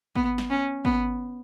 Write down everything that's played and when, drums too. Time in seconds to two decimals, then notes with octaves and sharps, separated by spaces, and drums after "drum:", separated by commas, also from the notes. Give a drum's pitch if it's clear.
0.16 B3, drum: kick G#1
0.38 drum: snare
0.50 C#4
0.85 B3, drum: kick G#1